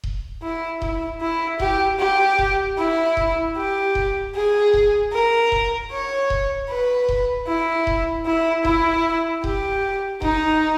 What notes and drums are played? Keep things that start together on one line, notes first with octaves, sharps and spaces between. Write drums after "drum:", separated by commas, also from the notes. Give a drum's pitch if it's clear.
drum: kick D#1
E4
E4, drum: kick D#1
E4
G4, drum: kick D#1
G4
drum: kick D#1
E4
drum: kick D#1
G4
drum: kick D#1
G#4
drum: kick D#1
A#4
drum: kick D#1
C#5
drum: kick D#1
B4
drum: kick D#1
E4
drum: kick D#1
E4
E4, drum: kick D#1
G4, drum: kick D#1
D#4, drum: kick D#1